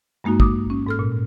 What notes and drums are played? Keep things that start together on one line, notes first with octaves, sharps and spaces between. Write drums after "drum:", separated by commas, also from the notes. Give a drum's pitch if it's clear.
G2 G#3 A#3 D#4 F#4
D6 D#6, drum: kick
C#4
G#2 A4 F6
A#2